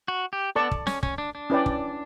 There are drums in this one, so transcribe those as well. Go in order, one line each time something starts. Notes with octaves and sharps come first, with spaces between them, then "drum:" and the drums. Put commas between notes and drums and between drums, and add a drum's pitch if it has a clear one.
F#4
G4
B3 A4 D5 A5 C#6
drum: kick
C#4, drum: snare
C#4, drum: kick
D4
D4
C#4 E4 B4 D5 G5
drum: kick